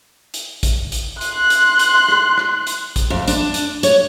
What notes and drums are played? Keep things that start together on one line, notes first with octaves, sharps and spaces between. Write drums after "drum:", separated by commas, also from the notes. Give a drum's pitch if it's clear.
drum: hi-hat
drum: kick, hi-hat
drum: hi-hat
C6 F#6, drum: hi-hat
drum: hi-hat
drum: hi-hat
drum: rim click
drum: rim click
drum: hi-hat
drum: kick, hi-hat
F2
D4, drum: hi-hat
drum: hi-hat
C#5, drum: hi-hat